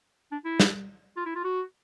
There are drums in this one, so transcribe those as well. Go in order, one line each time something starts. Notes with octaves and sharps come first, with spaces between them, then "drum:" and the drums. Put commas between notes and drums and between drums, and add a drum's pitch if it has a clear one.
D4
E4
drum: snare
F4
E4
F4
F#4